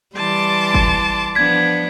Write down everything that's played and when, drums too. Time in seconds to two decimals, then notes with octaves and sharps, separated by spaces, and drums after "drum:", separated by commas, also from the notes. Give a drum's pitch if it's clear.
0.16 E3 G3 A5 C6 D6
0.74 drum: kick G1
1.35 F3 B3 D4 G#6 B6